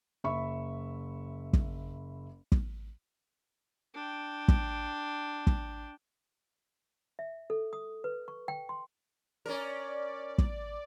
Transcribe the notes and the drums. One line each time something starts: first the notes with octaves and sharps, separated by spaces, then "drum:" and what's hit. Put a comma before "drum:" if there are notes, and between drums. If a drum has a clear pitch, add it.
F#1 E5 B5 C#6
drum: kick
drum: kick
D4 G5
drum: kick
drum: kick
E5
A4
D#6
B4
C#6
G5
C6
C#4 A#4 D5
drum: kick